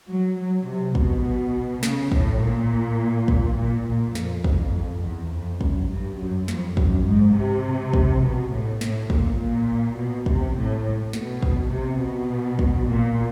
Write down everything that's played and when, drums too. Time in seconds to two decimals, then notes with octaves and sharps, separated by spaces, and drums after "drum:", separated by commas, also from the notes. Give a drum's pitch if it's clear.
0.08 F#3
0.37 F#3
0.66 C3
0.95 B2, drum: kick
1.83 C#3, drum: snare
2.12 A2, drum: kick
2.41 A#2
3.28 drum: kick
3.57 A#2
3.86 A#2
4.15 F2, drum: snare
4.44 drum: kick
5.03 E2
5.32 F2
5.61 F#2, drum: kick
5.90 G2
6.19 F#2
6.48 F2, drum: snare
6.77 F#2, drum: kick
7.06 G#2
7.36 C3
7.93 drum: kick
8.22 B2
8.52 A2
8.81 A2, drum: snare
9.10 A#2, drum: kick
9.39 A#2
9.97 B2
10.26 C3, drum: kick
10.55 A2
11.13 B2, drum: snare
11.43 drum: kick
11.72 C3
12.00 B2
12.59 drum: kick
12.88 A#2